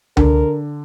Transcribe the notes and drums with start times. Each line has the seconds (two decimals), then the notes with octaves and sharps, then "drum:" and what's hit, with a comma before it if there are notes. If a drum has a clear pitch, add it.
0.17 D3 A#4, drum: tom C#2